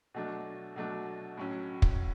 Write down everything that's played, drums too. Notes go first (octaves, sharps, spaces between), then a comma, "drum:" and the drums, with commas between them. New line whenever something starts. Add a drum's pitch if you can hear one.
B2 F#3 A3 D4
B2 F#3 A3 D4
A2 F#3 C#4
drum: kick